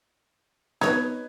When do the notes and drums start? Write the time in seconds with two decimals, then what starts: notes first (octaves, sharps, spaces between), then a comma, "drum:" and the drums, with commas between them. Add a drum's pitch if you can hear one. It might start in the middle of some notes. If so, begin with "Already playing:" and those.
0.81 D#4 B4 C#5 G#6, drum: snare B3